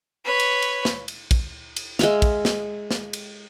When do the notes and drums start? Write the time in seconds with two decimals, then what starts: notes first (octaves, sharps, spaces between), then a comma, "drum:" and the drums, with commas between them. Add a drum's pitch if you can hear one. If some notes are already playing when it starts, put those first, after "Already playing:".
0.25 B4 C#5
0.40 drum: cymbal
0.62 drum: cymbal
0.85 drum: snare
1.08 drum: cymbal
1.31 drum: kick, cymbal
1.76 drum: cymbal
1.99 G#3 E5 F5, drum: snare
2.22 drum: kick, cymbal
2.45 drum: snare
2.91 drum: snare
3.13 drum: cymbal